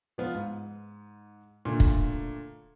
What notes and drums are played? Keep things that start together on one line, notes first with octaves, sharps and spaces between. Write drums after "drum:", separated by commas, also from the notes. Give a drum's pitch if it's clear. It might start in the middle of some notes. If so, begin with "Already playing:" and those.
F3 B3 F4
G#2
A#2 D3 A3
drum: kick